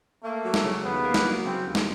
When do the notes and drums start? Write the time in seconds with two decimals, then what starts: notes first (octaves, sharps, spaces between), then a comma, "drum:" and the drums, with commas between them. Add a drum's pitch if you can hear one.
0.24 A3 A#3
0.44 F#3
0.54 drum: snare
0.64 C#3
0.84 D#2 B3
1.04 A#3
1.14 drum: snare
1.24 F#3
1.45 C#3 C4
1.65 D#2
1.75 drum: snare